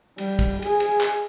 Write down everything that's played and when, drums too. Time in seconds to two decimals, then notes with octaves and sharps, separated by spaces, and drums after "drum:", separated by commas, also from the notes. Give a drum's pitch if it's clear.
0.18 G3, drum: cymbal
0.39 drum: kick, cymbal
0.62 G#4, drum: cymbal
0.80 drum: cymbal
1.01 drum: clap